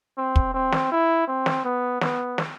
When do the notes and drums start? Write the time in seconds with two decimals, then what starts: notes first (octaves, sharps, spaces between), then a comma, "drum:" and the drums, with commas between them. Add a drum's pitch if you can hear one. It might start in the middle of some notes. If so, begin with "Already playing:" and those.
0.18 C4
0.36 drum: kick
0.54 C4
0.72 drum: snare
0.91 E4
1.27 C4
1.46 drum: snare
1.64 B3
2.01 B3, drum: snare
2.38 drum: snare